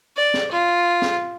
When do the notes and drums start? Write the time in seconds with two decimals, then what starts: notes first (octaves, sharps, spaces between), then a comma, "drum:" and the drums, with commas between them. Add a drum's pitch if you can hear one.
0.17 D5
0.34 drum: snare
0.52 F4
1.02 drum: snare